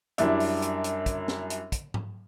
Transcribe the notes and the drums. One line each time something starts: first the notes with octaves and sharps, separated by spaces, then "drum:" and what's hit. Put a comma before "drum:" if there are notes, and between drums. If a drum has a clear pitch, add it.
F#2 G3 D4 E4, drum: hi-hat
drum: open hi-hat
drum: hi-hat
drum: hi-hat
drum: kick, hi-hat
drum: snare
drum: hi-hat
drum: kick, hi-hat
drum: tom G#2